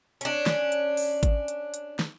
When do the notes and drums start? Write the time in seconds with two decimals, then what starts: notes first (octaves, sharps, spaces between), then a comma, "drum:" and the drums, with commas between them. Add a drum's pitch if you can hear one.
0.21 C#4 D4, drum: hi-hat
0.46 drum: snare
0.72 drum: hi-hat
0.97 drum: open hi-hat
1.23 drum: kick G#1, hi-hat
1.48 drum: hi-hat
1.74 drum: hi-hat
1.99 drum: snare